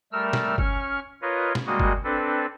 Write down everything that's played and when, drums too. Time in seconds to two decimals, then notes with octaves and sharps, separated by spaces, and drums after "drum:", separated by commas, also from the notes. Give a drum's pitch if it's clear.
0.12 G3 A3 A#4 E6 F6
0.33 drum: snare
0.58 C#4 C#6 F6, drum: kick G1
1.22 F4 A#4 B4 C#5 D#5
1.55 drum: snare
1.66 G3 G#3 A#3 F#4 D#5
1.80 drum: kick G1
2.04 C4 D4 A4 B4